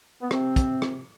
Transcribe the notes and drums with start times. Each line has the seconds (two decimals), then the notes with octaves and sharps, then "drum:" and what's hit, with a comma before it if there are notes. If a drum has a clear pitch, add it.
0.22 B3
0.31 C3 C4, drum: rim click
0.56 drum: kick, hi-hat
0.82 drum: rim click